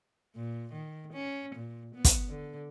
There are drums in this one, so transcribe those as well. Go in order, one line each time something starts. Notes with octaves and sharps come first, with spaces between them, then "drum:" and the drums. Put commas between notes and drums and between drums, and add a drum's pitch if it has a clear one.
A#2
D#3
C#4
A#2
B3
drum: kick, hi-hat
D3